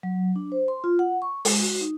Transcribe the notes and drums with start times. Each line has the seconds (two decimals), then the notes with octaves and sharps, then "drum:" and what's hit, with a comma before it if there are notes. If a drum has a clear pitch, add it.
0.03 F#3
0.36 D4
0.52 C5
0.68 C6
0.84 F4
0.99 F#5
1.22 C#6
1.45 G#3, drum: open hi-hat
1.62 F#4
1.81 D#4